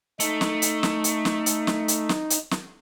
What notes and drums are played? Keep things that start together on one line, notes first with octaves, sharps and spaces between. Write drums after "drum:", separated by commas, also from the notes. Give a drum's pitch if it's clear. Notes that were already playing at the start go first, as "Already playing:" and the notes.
A3 D#4, drum: hi-hat
drum: snare
drum: hi-hat
drum: snare
drum: hi-hat
drum: snare
drum: hi-hat
drum: snare
drum: hi-hat
drum: snare
drum: hi-hat
drum: snare